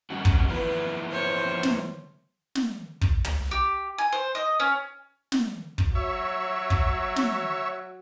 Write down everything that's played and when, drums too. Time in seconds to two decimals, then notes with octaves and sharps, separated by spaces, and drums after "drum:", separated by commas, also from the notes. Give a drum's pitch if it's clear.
0.10 G3 C#4 F#4
0.25 drum: kick
0.48 F3 B3 E4 B4
1.11 C5 C#5
1.63 drum: snare
2.55 drum: snare
3.01 drum: kick
3.24 drum: tom
3.51 G4
3.98 G#5
4.13 C5
4.35 D#5
4.60 C#4
5.32 drum: snare
5.78 drum: kick
5.95 F#3 C#5 E5
6.70 drum: kick
7.16 drum: snare